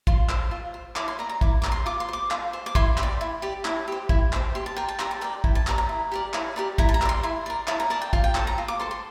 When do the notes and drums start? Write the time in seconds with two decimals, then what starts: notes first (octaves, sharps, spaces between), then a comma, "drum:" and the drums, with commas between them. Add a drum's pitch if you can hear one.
0.07 F4 C6, drum: kick
0.29 C5, drum: clap
0.51 F4
0.74 C5
0.96 E4 D6, drum: clap
1.08 C6
1.19 A#4 D5 A#5
1.29 A#5
1.41 E4 D6, drum: kick
1.62 D6
1.64 A#4 D5, drum: clap
1.72 C6
1.86 F4 D6
2.00 C6
2.09 C5 D6
2.31 F4, drum: clap
2.53 C5
2.66 D6
2.75 E4 C6, drum: kick
2.98 G4, drum: clap
3.03 D5
3.21 E4
3.42 G4 D5
3.65 E4, drum: clap
3.88 G4 C5
4.09 E4, drum: kick
4.33 G4 C5, drum: clap
4.55 G4 C6
4.66 A5
4.76 A#4 D5 G5
4.89 A5
4.99 G4 A#5, drum: clap
5.11 A5
5.21 A#4 D5 G5
5.44 E4, drum: kick
5.55 A5
5.67 G4 A#4 D5 A#5, drum: clap
5.78 A#5
5.89 E4
6.12 G4 A#4 D5
6.34 E4, drum: clap
6.56 G4 A#4 D5
6.78 E4 A#5, drum: kick
6.89 A5
6.94 A#5
7.02 G4 A#4 D5, drum: clap
7.09 C6
7.23 E4 C6
7.46 A#4 D5
7.68 E4 A5, drum: clap
7.80 A#5
7.90 A#4 D5 A5
8.02 G5
8.13 F4 F5, drum: kick
8.24 G5
8.35 A4 C5 A5, drum: clap
8.47 A#5
8.58 F4
8.68 D6
8.80 A4 C5 C6
8.91 C6